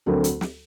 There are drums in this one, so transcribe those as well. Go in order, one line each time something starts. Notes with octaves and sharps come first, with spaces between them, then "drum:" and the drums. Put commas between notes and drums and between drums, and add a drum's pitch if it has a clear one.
D2 D3 F#3 A3 C4 A#4
drum: hi-hat
drum: snare